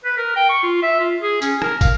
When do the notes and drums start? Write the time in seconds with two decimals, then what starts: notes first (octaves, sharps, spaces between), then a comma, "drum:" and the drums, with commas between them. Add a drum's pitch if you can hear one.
0.05 B4
0.17 A#4
0.36 G5
0.49 C#6
0.63 F4
0.83 E5
1.00 F4
1.21 G#4
1.42 C#4, drum: tambourine
1.62 A#4, drum: rim click
1.81 F5, drum: kick, tambourine